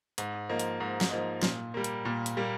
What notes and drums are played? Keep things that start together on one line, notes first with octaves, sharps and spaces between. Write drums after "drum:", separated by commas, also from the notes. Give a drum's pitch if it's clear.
G#2, drum: hi-hat
F3 A#3 D#4
drum: hi-hat
G#2
drum: snare
F3 A#3 D#4
A#2, drum: snare
G3 A#3
drum: hi-hat
A#2
drum: hi-hat
G3 A#3